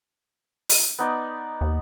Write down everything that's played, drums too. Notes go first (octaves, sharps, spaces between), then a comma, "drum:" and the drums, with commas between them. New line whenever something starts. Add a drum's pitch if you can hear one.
drum: open hi-hat
B3 D#4 D5
D#2